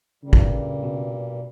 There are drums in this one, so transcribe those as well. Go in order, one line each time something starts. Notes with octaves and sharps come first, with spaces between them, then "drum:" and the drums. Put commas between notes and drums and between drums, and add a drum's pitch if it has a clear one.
G2 A#2 C#3 G3
drum: kick
B2